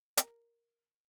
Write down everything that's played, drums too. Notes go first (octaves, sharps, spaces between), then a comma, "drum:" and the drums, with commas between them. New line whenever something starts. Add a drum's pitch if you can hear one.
A#4, drum: hi-hat